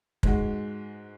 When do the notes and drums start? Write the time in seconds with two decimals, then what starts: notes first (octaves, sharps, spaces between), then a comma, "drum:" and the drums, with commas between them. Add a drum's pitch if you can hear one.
0.23 G#2 G#3 F#4, drum: kick